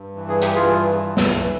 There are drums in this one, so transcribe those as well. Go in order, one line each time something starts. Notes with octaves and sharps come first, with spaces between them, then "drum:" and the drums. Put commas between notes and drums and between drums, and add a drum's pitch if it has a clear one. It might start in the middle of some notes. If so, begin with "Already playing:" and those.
Already playing: G2
E3
G#4
G4, drum: hi-hat
G2 F4 G#4
E3
drum: snare